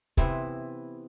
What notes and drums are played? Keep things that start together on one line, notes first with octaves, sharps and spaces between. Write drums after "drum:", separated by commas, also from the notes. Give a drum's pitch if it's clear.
C3 E3 B3 C4 E4, drum: kick